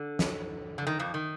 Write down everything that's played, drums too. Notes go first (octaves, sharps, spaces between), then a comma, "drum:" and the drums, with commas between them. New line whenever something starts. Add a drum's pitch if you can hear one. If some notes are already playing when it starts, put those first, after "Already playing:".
Already playing: D3
drum: snare
D3
D#3
F2 F3
D#3